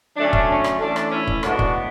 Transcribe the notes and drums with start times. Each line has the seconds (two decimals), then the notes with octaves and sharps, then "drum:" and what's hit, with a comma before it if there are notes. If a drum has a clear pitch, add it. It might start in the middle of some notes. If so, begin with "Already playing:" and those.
0.17 D3 F#3 A3 C#4 D4
0.33 drum: kick
0.49 C#4
0.64 drum: rim click
0.80 E3 A3 C#4 D4
0.96 drum: rim click
1.12 C#4 E4
1.27 drum: kick
1.43 A2 E3 G#3 B3 D4 F#4, drum: rim click
1.59 drum: kick